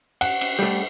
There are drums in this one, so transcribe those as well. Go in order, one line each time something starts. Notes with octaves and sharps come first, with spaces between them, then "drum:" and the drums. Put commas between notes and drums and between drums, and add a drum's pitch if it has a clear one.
F#5, drum: cymbal
drum: cymbal
G3 A3